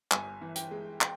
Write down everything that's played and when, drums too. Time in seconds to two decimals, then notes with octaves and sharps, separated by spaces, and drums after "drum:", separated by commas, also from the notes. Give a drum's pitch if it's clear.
0.11 G1 G#5, drum: clap
0.41 E3
0.56 G5, drum: hi-hat
0.71 G#3
1.01 G5, drum: clap